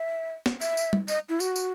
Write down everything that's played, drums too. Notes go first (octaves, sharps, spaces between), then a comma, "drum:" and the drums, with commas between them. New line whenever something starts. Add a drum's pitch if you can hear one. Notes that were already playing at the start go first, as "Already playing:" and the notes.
Already playing: E5
drum: snare
E5, drum: tambourine
drum: tambourine
drum: tom G3
D#5, drum: tambourine
E4
F#4, drum: tambourine
drum: tambourine